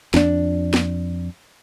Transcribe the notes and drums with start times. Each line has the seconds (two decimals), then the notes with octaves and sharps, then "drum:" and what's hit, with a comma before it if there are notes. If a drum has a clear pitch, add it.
0.14 F2 D4, drum: snare
0.74 drum: snare